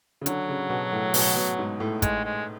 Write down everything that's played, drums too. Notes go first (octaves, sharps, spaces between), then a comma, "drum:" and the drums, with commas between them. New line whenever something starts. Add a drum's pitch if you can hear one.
C#3
D3 F#3, drum: hi-hat
C#3
B2
A2
B2, drum: open hi-hat
B2
G#2
A2
G#3, drum: kick, hi-hat
G#3